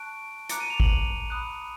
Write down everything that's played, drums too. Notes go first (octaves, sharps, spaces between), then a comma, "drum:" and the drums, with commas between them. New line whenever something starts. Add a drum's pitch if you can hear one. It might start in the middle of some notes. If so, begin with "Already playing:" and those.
Already playing: A5 C#6 F#6 D7
A#5 D6 F#6 C#7, drum: hi-hat
D#7
F7
F#7, drum: kick
B5 D#6 F#6